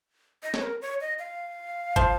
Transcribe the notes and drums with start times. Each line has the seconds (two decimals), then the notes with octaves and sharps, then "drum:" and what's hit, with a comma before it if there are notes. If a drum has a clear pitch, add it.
0.43 D#5
0.54 C#5, drum: snare
0.62 A#4
0.81 C#5
1.01 D#5
1.19 F5
1.96 F3, drum: kick